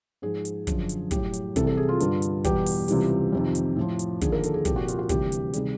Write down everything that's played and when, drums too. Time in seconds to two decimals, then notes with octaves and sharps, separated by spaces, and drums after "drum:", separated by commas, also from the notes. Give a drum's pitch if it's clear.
0.22 G#2 F3 G#4
0.45 drum: hi-hat
0.67 F#2 D3 F3, drum: kick, hi-hat
0.89 drum: hi-hat
1.11 A2 F#3 G4, drum: kick, hi-hat
1.33 drum: hi-hat
1.56 C2 C3 E3 G3 A4, drum: kick, hi-hat
1.67 A4
1.77 G#4
1.89 F4
2.00 G2 D3 G3, drum: hi-hat
2.22 drum: hi-hat
2.44 E2 B2 G3 G4, drum: kick, hi-hat
2.66 drum: open hi-hat
2.88 C#2 C3 E3 G3, drum: hi-hat
3.33 F2 C3 D#3
3.55 drum: hi-hat
3.76 A2 F3
3.99 drum: hi-hat
4.21 D#2 D3 F3 G#4, drum: kick, hi-hat
4.32 A#4
4.44 A4, drum: hi-hat
4.54 G#4
4.65 C2 A#2 F3 G4, drum: kick, hi-hat
4.76 F#4
4.88 F4, drum: hi-hat
4.99 F#4
5.09 D2 C3 E3 G3 G4, drum: kick, hi-hat
5.32 drum: hi-hat
5.53 C3 D#3 G3 G#4, drum: hi-hat